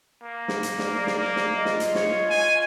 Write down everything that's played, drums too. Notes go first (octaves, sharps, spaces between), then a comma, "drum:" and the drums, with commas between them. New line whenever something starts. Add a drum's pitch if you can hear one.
A#3
drum: snare
drum: hi-hat
D5, drum: snare
drum: snare
A#3
drum: snare
F4 D#5
drum: snare
drum: hi-hat
C#5, drum: snare
G#5